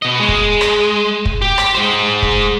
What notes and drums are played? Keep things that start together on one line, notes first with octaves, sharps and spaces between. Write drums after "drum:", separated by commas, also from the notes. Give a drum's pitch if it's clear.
B2 D#5
G#3
drum: kick
drum: rim click
drum: kick
G4
drum: rim click
G#3 C5
drum: kick